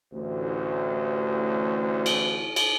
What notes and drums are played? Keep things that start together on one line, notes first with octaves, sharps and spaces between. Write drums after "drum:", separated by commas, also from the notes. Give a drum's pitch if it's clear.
A1 D2
drum: cymbal
drum: cymbal